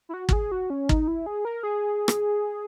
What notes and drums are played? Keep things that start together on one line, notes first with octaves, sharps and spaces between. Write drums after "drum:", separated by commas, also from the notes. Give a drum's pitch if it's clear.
E4
F#4
F#4, drum: kick
G#4
F#4
C#4
D#4, drum: kick
E4
G#4
A#4
G#4
drum: rim click